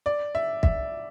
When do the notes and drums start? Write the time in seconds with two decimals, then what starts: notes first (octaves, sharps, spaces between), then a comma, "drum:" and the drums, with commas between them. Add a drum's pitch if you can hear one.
0.06 D5
0.35 E5
0.63 E5, drum: kick